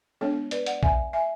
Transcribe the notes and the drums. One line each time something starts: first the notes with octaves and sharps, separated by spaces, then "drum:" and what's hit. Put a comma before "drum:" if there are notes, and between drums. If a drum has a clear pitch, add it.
G#3 B3 D4 A4 C#5
B4 D5, drum: hi-hat
D5 F#5, drum: hi-hat
E5 G#5, drum: kick A#1
E5 G#5